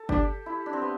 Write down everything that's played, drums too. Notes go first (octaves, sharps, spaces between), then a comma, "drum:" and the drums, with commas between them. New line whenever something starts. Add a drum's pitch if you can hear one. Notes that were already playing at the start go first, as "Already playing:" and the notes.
Already playing: A4
D4 G4, drum: kick G1
E4
D4
C4
B3